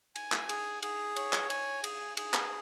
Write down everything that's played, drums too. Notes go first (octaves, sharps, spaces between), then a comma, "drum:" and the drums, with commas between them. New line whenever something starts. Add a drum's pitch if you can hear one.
G#5, drum: cymbal
drum: clap
G#4, drum: cymbal
G#4, drum: cymbal
C#5, drum: cymbal
drum: clap
G#5, drum: cymbal
G#4, drum: cymbal
G#4, drum: cymbal
drum: clap